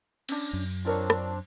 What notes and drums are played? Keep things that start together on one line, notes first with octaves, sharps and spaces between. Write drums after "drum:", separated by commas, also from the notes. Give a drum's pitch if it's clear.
C#4 D4, drum: cymbal
F#2
C4 D4 F4 A#4 C#5
drum: rim click